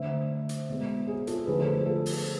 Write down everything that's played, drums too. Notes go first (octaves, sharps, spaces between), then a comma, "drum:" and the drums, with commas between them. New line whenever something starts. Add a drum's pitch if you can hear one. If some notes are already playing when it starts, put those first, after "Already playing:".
Already playing: D3 A3 C5 E5
drum: hi-hat
B2 G#3
G#4
F4 A4, drum: hi-hat
D3 F3 A3 G#4 B4
A4 C5
G#4
F4 A4
drum: open hi-hat